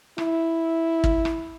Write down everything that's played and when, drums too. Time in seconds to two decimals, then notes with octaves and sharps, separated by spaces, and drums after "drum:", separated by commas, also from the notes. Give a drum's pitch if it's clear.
0.18 E4, drum: rim click
1.04 drum: kick
1.25 drum: rim click